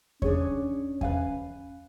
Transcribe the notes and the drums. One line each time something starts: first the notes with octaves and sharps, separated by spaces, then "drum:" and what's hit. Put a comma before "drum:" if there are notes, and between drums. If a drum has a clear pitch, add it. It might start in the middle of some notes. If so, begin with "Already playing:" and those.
C#4 D4 G#4 C#5, drum: kick E2
B4 F5 G#5, drum: kick E2